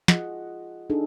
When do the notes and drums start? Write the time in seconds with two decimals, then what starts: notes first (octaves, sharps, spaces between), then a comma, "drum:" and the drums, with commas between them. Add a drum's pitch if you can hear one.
0.08 F4 G#4 D#5 F#5, drum: snare
0.90 D4 D#4 G#4 A4